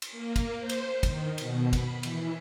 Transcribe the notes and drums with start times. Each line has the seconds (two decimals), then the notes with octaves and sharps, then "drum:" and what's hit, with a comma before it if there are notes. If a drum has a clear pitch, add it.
0.02 drum: cymbal
0.12 A#3
0.36 drum: kick, cymbal
0.59 C5
0.69 drum: cymbal
1.03 D#3, drum: kick, cymbal
1.38 B2, drum: cymbal
1.73 B5, drum: kick, cymbal
2.03 E3, drum: cymbal